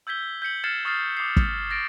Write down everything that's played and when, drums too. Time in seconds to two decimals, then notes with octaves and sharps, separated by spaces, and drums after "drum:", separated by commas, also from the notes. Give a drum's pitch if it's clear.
0.07 E6 G6 G#6 B6 G7
0.42 G6 B6 C#7 F#7
0.64 F6 G#6 A6 C7 C#7 E7
0.85 C#6 D#6 F6 A6 C7
1.17 D6 D#6 C7
1.36 drum: kick
1.71 A6 A#6 D7